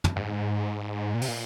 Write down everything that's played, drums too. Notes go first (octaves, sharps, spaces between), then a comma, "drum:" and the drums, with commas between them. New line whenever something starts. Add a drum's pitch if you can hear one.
drum: tom
G2
G#2
A#2
C3, drum: open hi-hat
A#2